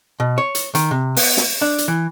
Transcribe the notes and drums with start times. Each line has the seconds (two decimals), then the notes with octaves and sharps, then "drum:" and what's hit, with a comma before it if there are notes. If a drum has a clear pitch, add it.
0.20 B2
0.38 C#5
0.55 drum: hi-hat
0.75 D#3, drum: hi-hat
0.91 C3
1.17 B3, drum: open hi-hat
1.37 drum: snare
1.61 D4
1.78 drum: hi-hat
1.88 E3